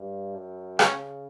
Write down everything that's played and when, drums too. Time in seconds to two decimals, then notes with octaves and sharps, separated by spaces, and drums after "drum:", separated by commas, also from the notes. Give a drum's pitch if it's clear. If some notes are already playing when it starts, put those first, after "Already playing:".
Already playing: G2
0.35 F#2
0.79 C#3 C#4, drum: rim click